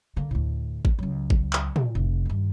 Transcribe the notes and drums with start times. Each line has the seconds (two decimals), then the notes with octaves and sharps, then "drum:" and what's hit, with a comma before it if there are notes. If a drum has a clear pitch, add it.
0.16 D3 A#3
0.31 D2 A2
0.85 drum: kick G#1
0.99 C#2 F#3
1.30 drum: kick G#1
1.53 drum: clap
1.76 drum: tom
1.95 F1
2.25 G2 D#3